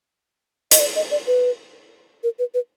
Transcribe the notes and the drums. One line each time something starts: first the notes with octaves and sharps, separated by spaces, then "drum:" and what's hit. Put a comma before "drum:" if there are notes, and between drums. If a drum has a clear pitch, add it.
D#5, drum: hi-hat
D5
D#5
D5
B4
A#4
B4
B4